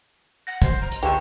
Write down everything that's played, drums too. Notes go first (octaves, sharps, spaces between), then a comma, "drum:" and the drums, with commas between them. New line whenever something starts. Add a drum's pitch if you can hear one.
F#5 A#6
C5, drum: kick, hi-hat
A#5
drum: hi-hat
C#2 D3 G4 C#6 E7